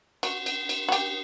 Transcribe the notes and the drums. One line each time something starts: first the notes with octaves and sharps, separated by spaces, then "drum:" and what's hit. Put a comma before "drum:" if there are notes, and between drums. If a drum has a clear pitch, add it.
F#4, drum: cymbal
drum: cymbal
drum: cymbal
F#4
G4, drum: cymbal